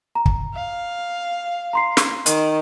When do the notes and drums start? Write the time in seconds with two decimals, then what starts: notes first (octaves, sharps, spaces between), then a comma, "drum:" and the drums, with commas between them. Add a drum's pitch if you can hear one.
0.15 A#5
0.26 drum: kick
0.55 F5
1.73 A#5 C6 C7
1.97 drum: snare
2.26 D#3, drum: hi-hat